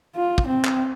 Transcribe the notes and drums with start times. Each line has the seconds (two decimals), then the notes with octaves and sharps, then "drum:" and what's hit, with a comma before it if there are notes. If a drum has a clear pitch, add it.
0.16 F4
0.38 drum: kick
0.47 C4
0.64 drum: clap